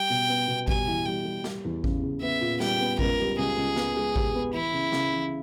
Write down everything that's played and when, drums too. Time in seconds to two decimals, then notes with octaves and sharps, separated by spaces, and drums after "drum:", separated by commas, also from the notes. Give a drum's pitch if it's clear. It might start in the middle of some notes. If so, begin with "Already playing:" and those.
Already playing: G3 G5
0.10 B2
0.29 B3
0.48 B2
0.68 G3 G#5, drum: kick G#1
0.87 E3
1.06 G3 G5
1.25 G3
1.44 G3, drum: snare
1.65 E2
1.84 C#3, drum: kick G#1
2.03 C#3
2.21 B3 E5
2.41 A#2
2.60 G3 G5, drum: snare
2.81 B3
2.99 C#2 A#4, drum: kick G#1
3.19 G3
3.38 C#2 G#4
3.57 C#2
3.76 B3, drum: snare
3.96 G#3
4.16 G4, drum: kick G#1
4.35 B3
4.54 E3 E4
4.73 C#3
4.92 C#3, drum: snare
5.12 E3